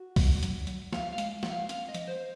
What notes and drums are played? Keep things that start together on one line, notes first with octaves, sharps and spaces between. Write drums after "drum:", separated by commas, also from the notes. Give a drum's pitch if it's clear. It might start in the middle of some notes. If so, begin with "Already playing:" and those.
Already playing: F#4
F#3, drum: kick, open hi-hat
F#3, drum: hi-hat
F#3, drum: hi-hat
F3 F5, drum: snare
F5
G#3, drum: hi-hat
F3 F#5, drum: snare
F5
C4 F5, drum: hi-hat
D#5
F3, drum: hi-hat
C5